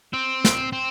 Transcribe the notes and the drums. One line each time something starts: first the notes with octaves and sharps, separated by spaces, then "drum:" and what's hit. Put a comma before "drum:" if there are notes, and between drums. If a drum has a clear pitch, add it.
C4
drum: snare
C4